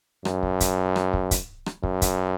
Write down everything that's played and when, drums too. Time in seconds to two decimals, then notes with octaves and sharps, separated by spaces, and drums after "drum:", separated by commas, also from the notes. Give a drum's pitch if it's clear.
0.25 F#2, drum: rim click
0.43 drum: kick
0.60 drum: kick, hi-hat
0.96 drum: rim click
1.13 drum: kick
1.31 drum: kick, hi-hat
1.66 drum: rim click
1.83 F#2, drum: kick
2.02 drum: kick, hi-hat